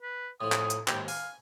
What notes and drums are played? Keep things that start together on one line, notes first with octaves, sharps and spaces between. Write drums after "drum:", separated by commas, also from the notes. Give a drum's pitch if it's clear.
B4
A2 F3 D#6
drum: clap
drum: hi-hat
D#2 G#2 G5, drum: clap
F5 G#5, drum: open hi-hat